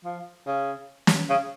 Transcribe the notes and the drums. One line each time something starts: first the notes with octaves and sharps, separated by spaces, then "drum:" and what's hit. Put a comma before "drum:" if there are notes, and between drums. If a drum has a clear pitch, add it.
F3
C#3
drum: snare
C#3